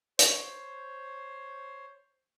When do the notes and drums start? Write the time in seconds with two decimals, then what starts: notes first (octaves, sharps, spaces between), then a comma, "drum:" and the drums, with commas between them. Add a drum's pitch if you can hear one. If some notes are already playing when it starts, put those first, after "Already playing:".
0.19 C5 C#5, drum: hi-hat